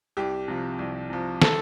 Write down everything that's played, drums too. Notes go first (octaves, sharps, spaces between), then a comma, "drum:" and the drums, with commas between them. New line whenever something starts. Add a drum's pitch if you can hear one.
C2 G4
C3 F3
C2
C3 F3
A4, drum: snare